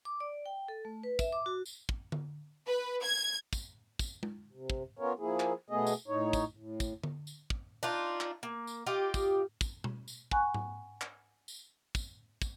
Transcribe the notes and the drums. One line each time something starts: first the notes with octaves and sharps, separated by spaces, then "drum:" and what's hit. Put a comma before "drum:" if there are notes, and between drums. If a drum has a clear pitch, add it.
D6
D5
G5
A4
A3
B4
E5, drum: kick, tambourine
D6
F#4
drum: tambourine
drum: kick
drum: tom D3
B4
G#6
drum: kick, tambourine
drum: kick, tambourine
drum: tom G#3
C3
drum: kick
B3 C#4 F4 A#4 C#5
F3 A#3 E4 G#4
drum: clap
B2 A3 B3 G#4 D#5
drum: tambourine
A2 D#4 C#5
drum: kick, tambourine
A2
drum: kick, tambourine
drum: tom D3
drum: tambourine
drum: kick
D4 D#4 F4
drum: clap
A#3
drum: tambourine
F4 G4 D#5
drum: kick, tambourine
drum: kick, tambourine
drum: tom B2
drum: tambourine
F#5 G#5 B5 C#6 F#6, drum: kick
drum: tom G#2
drum: clap
drum: tambourine
drum: kick, tambourine
drum: kick, tambourine